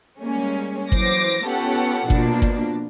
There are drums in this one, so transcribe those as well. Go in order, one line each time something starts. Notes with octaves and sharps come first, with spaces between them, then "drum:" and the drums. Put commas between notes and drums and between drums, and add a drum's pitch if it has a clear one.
G3 G#3 A#3 C#4
E3 F#3 C5 D6 A#6, drum: kick G1
B3 C#4 F4 G4 A4 F#5
B2 F3 A#3 D4, drum: kick G1
drum: kick G1